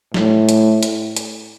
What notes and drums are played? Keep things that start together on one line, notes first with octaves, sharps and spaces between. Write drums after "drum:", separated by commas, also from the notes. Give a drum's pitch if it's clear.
A2, drum: snare
drum: hi-hat
drum: hi-hat
drum: hi-hat